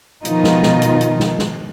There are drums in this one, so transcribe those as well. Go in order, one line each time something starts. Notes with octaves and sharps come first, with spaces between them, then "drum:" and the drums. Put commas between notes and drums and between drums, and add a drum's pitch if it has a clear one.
B2 D#3 F3 D#4 F4, drum: hi-hat
drum: snare
drum: snare
drum: hi-hat
drum: hi-hat
drum: snare
drum: snare